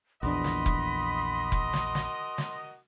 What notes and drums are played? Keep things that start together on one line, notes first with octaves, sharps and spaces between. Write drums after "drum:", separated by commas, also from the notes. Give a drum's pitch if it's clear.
A#1 E2 D4 F#4 A#4 D#5 B5 C6
drum: snare
drum: kick F1
drum: kick F1
drum: snare
drum: snare
drum: snare